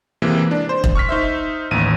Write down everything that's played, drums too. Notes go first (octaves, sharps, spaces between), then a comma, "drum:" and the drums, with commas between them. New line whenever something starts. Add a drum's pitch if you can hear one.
C3 E3 G#3 A#3
D4
C5
drum: kick E1
C#6 F6 B6
D#4 C5 E5
A1 D#2 D#7